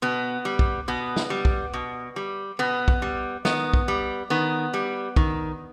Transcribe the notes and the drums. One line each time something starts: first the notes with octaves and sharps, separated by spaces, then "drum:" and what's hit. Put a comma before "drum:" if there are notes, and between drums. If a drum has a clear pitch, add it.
B2 B3
G3
drum: kick
B2 B3
drum: snare
G3
drum: kick
B2
G3
B2 B3
drum: kick
G3
D#3 B3, drum: snare
drum: kick
G3
D#3 B3
G3
D#3, drum: kick